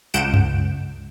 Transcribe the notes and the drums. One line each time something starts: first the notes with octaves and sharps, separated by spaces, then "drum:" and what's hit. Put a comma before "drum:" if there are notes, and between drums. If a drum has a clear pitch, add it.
C#2 F#5 G6 D7 E7
drum: tom F#2